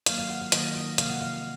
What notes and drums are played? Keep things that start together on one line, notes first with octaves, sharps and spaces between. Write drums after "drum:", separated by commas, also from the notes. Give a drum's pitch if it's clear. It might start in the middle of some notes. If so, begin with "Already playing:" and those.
D#3 F#3 A#3 F5, drum: hi-hat
F5
F#5
F5
D#3 F#3 A#3 D#5, drum: hi-hat
D#5
C3 F3 A#3 F5, drum: hi-hat
F#5
F5